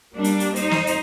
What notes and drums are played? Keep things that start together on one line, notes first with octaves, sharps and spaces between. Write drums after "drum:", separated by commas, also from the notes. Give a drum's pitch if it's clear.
G3 A#3 D4
drum: hi-hat
drum: hi-hat
D#4 C5, drum: hi-hat
drum: snare
drum: hi-hat